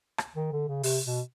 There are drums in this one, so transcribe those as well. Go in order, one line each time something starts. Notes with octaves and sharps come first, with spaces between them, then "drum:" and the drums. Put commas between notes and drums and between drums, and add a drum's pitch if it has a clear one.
drum: rim click
D#3
D3
C#3
C3, drum: open hi-hat
B2